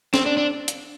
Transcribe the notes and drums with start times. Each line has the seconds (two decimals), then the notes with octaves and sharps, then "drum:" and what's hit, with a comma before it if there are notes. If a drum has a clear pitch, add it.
0.14 C4, drum: snare
0.26 D4
0.37 D4
0.68 drum: hi-hat